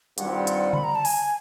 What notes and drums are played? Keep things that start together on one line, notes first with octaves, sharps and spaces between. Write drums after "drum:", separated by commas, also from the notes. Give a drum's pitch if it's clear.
G2 D#3 G3 C4 F4 F#5, drum: hi-hat
drum: hi-hat
B5, drum: tom C#3
A#5
A5
G#5, drum: open hi-hat